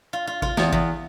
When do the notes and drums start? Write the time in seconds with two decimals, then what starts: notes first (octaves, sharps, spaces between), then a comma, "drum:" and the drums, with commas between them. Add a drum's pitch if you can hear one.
0.13 F4
0.27 F4
0.42 F4, drum: kick G#1
0.57 E2, drum: snare
0.72 E2, drum: kick G#1